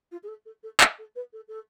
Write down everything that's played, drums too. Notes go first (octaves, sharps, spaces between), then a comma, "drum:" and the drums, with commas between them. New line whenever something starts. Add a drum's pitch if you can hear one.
F4
G#4
A4
A4
A4
A4, drum: clap
A4
B4
A4
A4